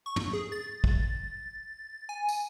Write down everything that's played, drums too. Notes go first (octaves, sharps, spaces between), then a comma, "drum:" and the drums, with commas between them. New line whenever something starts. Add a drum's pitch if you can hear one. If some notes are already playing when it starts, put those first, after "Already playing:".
C#6
drum: tom
G#4
A6
drum: kick
G#5
drum: tambourine